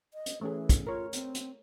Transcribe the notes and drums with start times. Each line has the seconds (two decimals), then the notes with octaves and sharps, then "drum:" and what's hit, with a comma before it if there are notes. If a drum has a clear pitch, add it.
0.14 D#5
0.26 drum: hi-hat
0.41 E3 A3 C#4 G#4
0.69 drum: kick, hi-hat
0.87 F4 A#4 C#5
1.13 C4, drum: hi-hat
1.35 drum: hi-hat